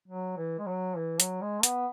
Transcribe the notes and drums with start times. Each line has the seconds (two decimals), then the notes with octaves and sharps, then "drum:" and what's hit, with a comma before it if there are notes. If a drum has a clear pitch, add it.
0.08 F#3
0.37 E3
0.59 G#3
0.66 F#3
0.96 E3
1.20 F#3, drum: hi-hat
1.42 G#3
1.63 B3, drum: hi-hat